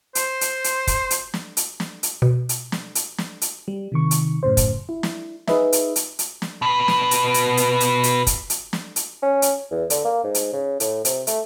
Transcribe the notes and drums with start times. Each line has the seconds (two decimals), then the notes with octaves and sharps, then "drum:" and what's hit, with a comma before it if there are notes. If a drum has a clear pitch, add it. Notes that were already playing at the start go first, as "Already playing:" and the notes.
0.15 C5, drum: hi-hat
0.41 drum: hi-hat
0.64 drum: hi-hat
0.87 drum: kick, hi-hat
1.11 drum: hi-hat
1.34 drum: snare
1.57 drum: hi-hat
1.80 drum: snare
2.03 drum: hi-hat
2.22 B2
2.49 drum: hi-hat
2.72 drum: snare
2.95 drum: hi-hat
3.18 drum: snare
3.42 drum: hi-hat
3.68 G3
3.92 C3 D#3 C#6
4.11 drum: hi-hat
4.43 F#2 A2 C#3 C5
4.57 drum: kick, hi-hat
4.89 E4
5.03 drum: snare
5.47 D#4 G#4 B4 D#5 E5, drum: snare
5.73 drum: hi-hat
5.96 drum: hi-hat
6.19 drum: hi-hat
6.42 drum: snare
6.62 B2 B4
6.88 drum: snare
7.11 drum: hi-hat
7.34 drum: hi-hat
7.57 drum: hi-hat
7.80 drum: hi-hat
8.04 drum: hi-hat
8.27 drum: kick, hi-hat
8.50 drum: hi-hat
8.73 drum: snare
8.96 drum: hi-hat
9.22 C#4
9.42 drum: hi-hat
9.71 E2
9.90 D3, drum: hi-hat
10.05 A#3
10.24 G#2
10.35 drum: hi-hat
10.53 C#3
10.80 A2, drum: hi-hat
11.05 C3, drum: hi-hat
11.27 A3, drum: hi-hat